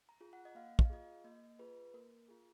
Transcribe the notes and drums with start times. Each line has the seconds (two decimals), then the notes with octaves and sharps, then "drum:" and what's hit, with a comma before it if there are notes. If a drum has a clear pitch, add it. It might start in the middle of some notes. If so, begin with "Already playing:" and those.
0.09 A#5
0.21 F4 G#4
0.33 F#5
0.45 D#5
0.55 A#3 F5
0.79 D#5, drum: kick
0.85 F5
0.90 F4 G#4 D#5
1.24 A#3 D#5
1.59 F4 G#4 B4
1.94 A#3 A#4
2.28 F4 G#4